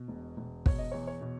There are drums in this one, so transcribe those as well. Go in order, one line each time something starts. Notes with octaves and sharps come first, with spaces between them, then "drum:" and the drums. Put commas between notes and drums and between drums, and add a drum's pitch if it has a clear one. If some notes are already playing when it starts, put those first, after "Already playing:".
Already playing: B2
E1
E1
B2 C#5, drum: kick
D#5
E2 C#5
C#5
B2